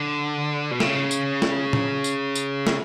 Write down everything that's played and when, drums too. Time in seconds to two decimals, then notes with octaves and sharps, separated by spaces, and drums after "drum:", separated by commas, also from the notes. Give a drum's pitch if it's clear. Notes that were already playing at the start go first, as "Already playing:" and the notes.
Already playing: D3
0.71 B2
0.80 C#3, drum: snare
1.11 drum: tambourine
1.42 drum: snare
1.73 drum: tom A#2
2.04 drum: tambourine
2.35 drum: tambourine
2.67 drum: snare